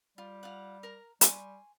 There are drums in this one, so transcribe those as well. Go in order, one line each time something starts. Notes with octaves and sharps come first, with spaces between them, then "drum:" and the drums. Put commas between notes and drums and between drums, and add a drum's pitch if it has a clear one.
G3 F4
F4 F5 F#5
A#4 A#5
G3 G#5 C6 C#6, drum: hi-hat